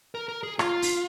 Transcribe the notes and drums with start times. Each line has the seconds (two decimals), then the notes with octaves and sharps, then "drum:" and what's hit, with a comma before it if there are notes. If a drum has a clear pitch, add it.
0.15 A#4
0.29 A#4
0.43 G#4
0.59 F4, drum: rim click
0.82 drum: open hi-hat